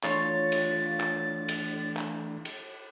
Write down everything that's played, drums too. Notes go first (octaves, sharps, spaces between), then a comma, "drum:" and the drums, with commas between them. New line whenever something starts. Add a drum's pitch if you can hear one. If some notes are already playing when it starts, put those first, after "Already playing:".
E3 A3 D4 F4 C#5 A6, drum: clap
drum: cymbal
drum: clap
drum: cymbal
drum: clap
drum: cymbal